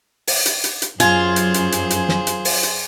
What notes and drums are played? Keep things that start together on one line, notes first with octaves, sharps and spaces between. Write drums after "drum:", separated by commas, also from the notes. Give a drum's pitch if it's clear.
drum: open hi-hat
drum: hi-hat
drum: hi-hat
drum: hi-hat
F#2 F4 G#4 C5 G#5, drum: hi-hat
drum: hi-hat
drum: hi-hat
drum: hi-hat
drum: hi-hat
drum: snare
drum: hi-hat
drum: open hi-hat
drum: hi-hat